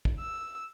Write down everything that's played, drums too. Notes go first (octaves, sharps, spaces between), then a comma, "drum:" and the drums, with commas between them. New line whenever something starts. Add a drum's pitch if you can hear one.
drum: kick
E6